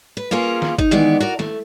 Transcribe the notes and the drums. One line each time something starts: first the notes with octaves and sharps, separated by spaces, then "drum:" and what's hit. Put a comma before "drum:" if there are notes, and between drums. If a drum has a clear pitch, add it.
B4
A#3 C#4 F4 G#4 A#4
drum: snare
D#4, drum: kick G1
D#3 E3 G#3 B3 D5
F#4 A#4 D5
A3, drum: snare